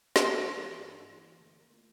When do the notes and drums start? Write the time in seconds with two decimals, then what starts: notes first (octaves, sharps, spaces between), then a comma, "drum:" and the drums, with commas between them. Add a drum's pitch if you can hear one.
0.16 G2 F4, drum: snare
0.47 E3 A#3 E4 G4
0.78 G2
1.09 E3 A#3 E4
1.40 D3 A3 A4
1.60 A#3 A#4
1.70 A3 C4 F4